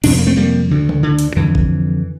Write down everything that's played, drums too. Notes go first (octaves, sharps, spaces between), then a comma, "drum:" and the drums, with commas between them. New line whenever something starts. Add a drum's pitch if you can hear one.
F2 C3 D4, drum: cymbal
C4
A#3
A3 C4
G3 A#3
D2 D3
drum: tom C#3
D3
drum: hi-hat
F2 D3 E3
drum: kick G#1